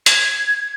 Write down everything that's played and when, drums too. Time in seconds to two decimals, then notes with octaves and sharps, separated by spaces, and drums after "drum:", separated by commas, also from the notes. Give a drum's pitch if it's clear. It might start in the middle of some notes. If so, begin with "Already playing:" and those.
0.06 G#6, drum: hi-hat